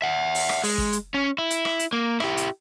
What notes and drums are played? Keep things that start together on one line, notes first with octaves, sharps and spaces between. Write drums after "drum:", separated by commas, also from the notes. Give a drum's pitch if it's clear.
E5 F#5
drum: open hi-hat
drum: rim click
G#3, drum: open hi-hat
drum: kick
drum: hi-hat
C#4
E4
drum: hi-hat
drum: rim click
drum: hi-hat
A#3
E4 G4, drum: rim click
drum: hi-hat